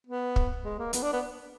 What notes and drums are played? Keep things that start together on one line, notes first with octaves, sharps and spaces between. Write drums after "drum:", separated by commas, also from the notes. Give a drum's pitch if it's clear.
B3
drum: kick
G#3
A#3
B3, drum: hi-hat
D4
B3